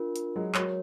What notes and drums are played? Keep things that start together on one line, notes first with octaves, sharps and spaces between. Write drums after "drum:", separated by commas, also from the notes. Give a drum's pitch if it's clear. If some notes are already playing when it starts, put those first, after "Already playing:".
Already playing: D4 F4 A#4
drum: hi-hat
F#3 G#3
F#3 G#3 F#4 A#4 C#5, drum: clap